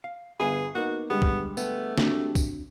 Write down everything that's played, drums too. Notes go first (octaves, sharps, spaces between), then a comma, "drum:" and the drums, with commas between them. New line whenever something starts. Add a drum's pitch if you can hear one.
F5
G1 B3 G#4 F5 G#5 B5 C7
A#3 B3 D#4 F#4
D3 G3 G#3 B3
drum: kick B1
A3 B3, drum: tambourine
C4 D4 F#4, drum: snare
drum: kick B1, tambourine